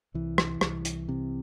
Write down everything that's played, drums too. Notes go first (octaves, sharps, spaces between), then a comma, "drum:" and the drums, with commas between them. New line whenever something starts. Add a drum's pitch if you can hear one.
C2 E3
drum: rim click
C2, drum: rim click
drum: hi-hat
C3